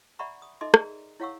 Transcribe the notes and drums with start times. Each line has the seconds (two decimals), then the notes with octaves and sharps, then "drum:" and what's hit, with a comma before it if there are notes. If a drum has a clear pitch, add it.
0.19 D5 E5 F#5 A#5 B5 C#6
0.42 D#6
0.61 D#4 A4 D#5 E5 C6 D6
0.74 G#4 A#4 D5 A#5, drum: rim click
1.20 E4 C#5 F5 F#5 C#6 E6